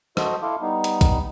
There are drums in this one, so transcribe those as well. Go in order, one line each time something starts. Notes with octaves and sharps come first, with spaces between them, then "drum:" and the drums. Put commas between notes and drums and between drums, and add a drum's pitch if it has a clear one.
F#4 A4 C5 D#5, drum: rim click
E4 A4 F5 C6 D6
G3 B3 D#4
drum: hi-hat
drum: kick A#1, hi-hat